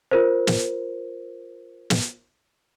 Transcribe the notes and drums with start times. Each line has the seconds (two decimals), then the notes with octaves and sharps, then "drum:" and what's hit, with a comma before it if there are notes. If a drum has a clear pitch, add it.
0.11 F4 A#4 C5
0.47 drum: snare
1.90 drum: snare